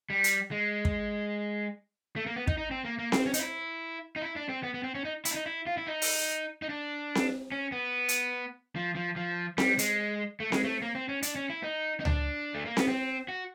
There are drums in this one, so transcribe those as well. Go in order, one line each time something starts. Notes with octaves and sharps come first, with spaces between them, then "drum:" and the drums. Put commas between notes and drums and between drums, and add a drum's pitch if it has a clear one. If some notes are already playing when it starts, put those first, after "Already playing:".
G3
drum: hi-hat
G#3
drum: kick
A3
A#3
B3
D#4, drum: kick
D#4
C4
A#3
A#3
C4, drum: snare C4
C#4
D#4, drum: hi-hat
E4
D#4
E4
D4
C4
B3
B3
C4
C#4
D#4
E4, drum: hi-hat
D4
D#4
E4
F4
E4
D#4
drum: open hi-hat
D#4
D4
drum: snare C4
C#4
B3
drum: hi-hat
F3
F3
F3
G3, drum: snare C4
G#3, drum: hi-hat
A3
G#3, drum: snare C4
A3
A#3
C4
C#4
D4, drum: hi-hat
C#4
E4
D#4
D#4
D4, drum: tom C#2
A3
A#3
B3, drum: snare C4
C4
F#4